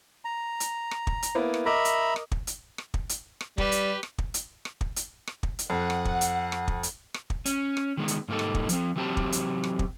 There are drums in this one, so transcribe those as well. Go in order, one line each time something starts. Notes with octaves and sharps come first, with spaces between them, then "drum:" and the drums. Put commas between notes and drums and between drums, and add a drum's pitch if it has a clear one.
A#5
drum: hi-hat
drum: rim click
drum: kick
drum: hi-hat
A#3 B3 E4
drum: rim click
A#4 D#5 E5 A#5 B5 D6
drum: hi-hat
drum: rim click
drum: kick
drum: hi-hat
drum: rim click
drum: kick
drum: hi-hat
drum: rim click
G3 G4 B4, drum: kick
drum: hi-hat
drum: rim click
drum: kick
drum: hi-hat
drum: rim click
drum: kick
drum: hi-hat
drum: rim click
drum: kick
drum: hi-hat
F2 F#5
drum: rim click
drum: kick
drum: hi-hat
drum: rim click
drum: kick
drum: hi-hat
drum: rim click
drum: kick
C#4, drum: hi-hat
drum: rim click
D#3 G#3 B3
drum: hi-hat
G#2 G3 A#3 D#4 A4
drum: rim click
drum: kick
F3 C4, drum: hi-hat
E3 F#3 C4 G4 C5 A5
drum: kick
drum: hi-hat
drum: rim click
drum: kick